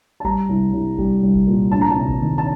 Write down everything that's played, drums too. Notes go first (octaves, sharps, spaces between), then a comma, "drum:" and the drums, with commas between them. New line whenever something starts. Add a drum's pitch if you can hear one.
A5
G3 A#5, drum: kick A1
C2
C2
G3, drum: kick A1
C2
drum: kick A1
A#2
D2 A5
A#5
A5
C3
drum: kick A1
D#3
A5